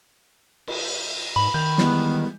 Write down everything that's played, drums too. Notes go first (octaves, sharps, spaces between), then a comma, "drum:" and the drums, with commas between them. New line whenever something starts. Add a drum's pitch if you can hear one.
drum: cymbal
G#2 B5
D#3 G6 F7
E3 G3 G#3 B3, drum: snare